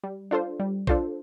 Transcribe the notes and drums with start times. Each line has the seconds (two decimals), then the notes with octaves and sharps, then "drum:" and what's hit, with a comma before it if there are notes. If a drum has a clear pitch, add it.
0.03 G3
0.31 D4 F4 A4 C5
0.60 G3
0.87 D4 F4 A4 C5, drum: kick A#1